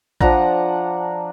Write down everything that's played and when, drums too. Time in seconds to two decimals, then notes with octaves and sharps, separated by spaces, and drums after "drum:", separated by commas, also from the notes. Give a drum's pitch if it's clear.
0.21 F3 D4 F#5 A#5, drum: kick